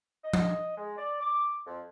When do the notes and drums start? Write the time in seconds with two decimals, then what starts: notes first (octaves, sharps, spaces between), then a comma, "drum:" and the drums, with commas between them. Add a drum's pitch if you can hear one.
0.24 D#5
0.34 drum: tom F3
0.77 G#3
0.98 D5
1.21 D6
1.67 F2